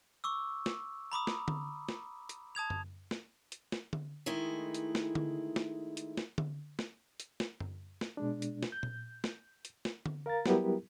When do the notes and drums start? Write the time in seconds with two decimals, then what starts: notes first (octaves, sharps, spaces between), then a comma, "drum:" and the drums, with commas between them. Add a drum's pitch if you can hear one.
0.24 C#6 D6 E6
0.66 drum: snare
1.12 A#5 B5 D6 D#6
1.27 drum: snare
1.48 drum: tom D3
1.89 drum: snare
2.29 drum: hi-hat
2.55 A5 D#6 G#6 F7
2.70 drum: tom F#2
3.11 drum: snare
3.52 drum: hi-hat
3.72 drum: snare
3.93 drum: tom D3
4.26 D#3 G#3 A3 E4
4.74 drum: hi-hat
4.95 drum: snare
5.15 drum: tom D3
5.56 drum: snare
5.97 drum: hi-hat
6.17 drum: snare
6.38 drum: tom D3
6.79 drum: snare
7.20 drum: hi-hat
7.40 drum: snare
7.60 drum: tom F#2
8.01 drum: snare
8.17 B2 G#3 D4
8.42 drum: hi-hat
8.63 drum: snare
8.72 G6
8.83 drum: tom A#2
9.24 drum: snare
9.65 drum: hi-hat
9.85 drum: snare
10.06 drum: tom D3
10.26 A#4 F5 A#5 A6
10.46 F#3 G3 B3 E4 G4 A#4, drum: snare